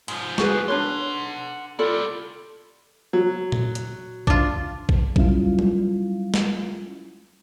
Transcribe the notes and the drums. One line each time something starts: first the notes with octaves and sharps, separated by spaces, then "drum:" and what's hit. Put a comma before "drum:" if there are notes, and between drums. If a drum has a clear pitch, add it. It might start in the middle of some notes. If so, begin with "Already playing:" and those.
G#2 F3, drum: cymbal
F#4 G#4 B4, drum: snare
D4 B4 C#5 F#5 C6
E4 F4 G4 A4 D5
F#3
drum: tom A#2
drum: hi-hat
D4 F4, drum: kick
drum: kick
F#3 G3 C#4 E4 F4 F5, drum: kick
drum: tom F#3
drum: snare